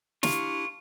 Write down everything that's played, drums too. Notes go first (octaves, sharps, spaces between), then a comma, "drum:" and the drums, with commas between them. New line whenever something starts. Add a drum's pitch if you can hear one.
D4 E4 F4 G4 C#6, drum: snare